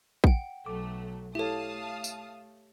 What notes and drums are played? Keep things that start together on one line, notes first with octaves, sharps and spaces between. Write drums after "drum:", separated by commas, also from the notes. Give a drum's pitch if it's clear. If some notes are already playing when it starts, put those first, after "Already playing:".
F#5 G5, drum: kick
B1 F#3 A3 D6
A3 E4 G4 A4 C#5 F5 A5 D#6
drum: tambourine